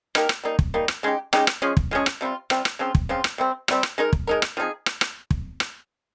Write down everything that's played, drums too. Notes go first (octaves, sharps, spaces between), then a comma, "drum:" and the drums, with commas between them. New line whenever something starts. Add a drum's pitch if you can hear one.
A#3 D#4 G4 A#4, drum: rim click
drum: rim click
G3 A#3 D#4
drum: kick
G3 A#3 D#4
drum: rim click
C#3 G#3 D#4 G4
C#3 G#3 D#4 G4, drum: rim click
drum: rim click
F3 G#3 C#4 G#4
drum: kick
F3 G#3 C#4 G#4
drum: rim click
C3 G3 C4 F4
C3 G3 C4 F4, drum: rim click
drum: rim click
C#3 F3 C4 F4
drum: kick
C#3 F3 C4 F4
drum: rim click
C3 G3 C4
C3 G3 C4, drum: rim click
drum: rim click
G#3 D#4 A#4
drum: kick
G#3 D#4 A#4
drum: rim click
F3 C4 D#4 G#4
drum: rim click
drum: rim click
drum: kick
drum: rim click